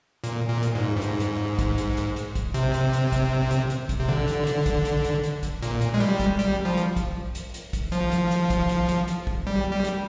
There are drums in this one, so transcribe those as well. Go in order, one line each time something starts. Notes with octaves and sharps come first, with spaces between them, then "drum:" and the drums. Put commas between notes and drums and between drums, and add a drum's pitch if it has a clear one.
A#2, drum: hi-hat
A#2
drum: hi-hat
G#2
G2
G#2, drum: hi-hat
drum: hi-hat
drum: kick, hi-hat
drum: hi-hat
drum: hi-hat
drum: hi-hat
drum: kick, hi-hat
C3, drum: hi-hat
drum: hi-hat
drum: hi-hat
drum: kick, hi-hat
drum: hi-hat
drum: hi-hat
drum: kick, hi-hat
C3
D3
drum: hi-hat
drum: hi-hat
drum: kick, hi-hat
drum: hi-hat
drum: hi-hat
drum: hi-hat
drum: kick, hi-hat
A#2, drum: hi-hat
drum: hi-hat
G#3
G3, drum: hi-hat
drum: kick, hi-hat
G3, drum: hi-hat
F3
drum: hi-hat
drum: kick, hi-hat
drum: hi-hat
drum: hi-hat
drum: kick, hi-hat
F3, drum: hi-hat
drum: hi-hat
drum: hi-hat
drum: kick, hi-hat
drum: hi-hat
drum: hi-hat
drum: hi-hat
drum: kick
G3
G3
drum: hi-hat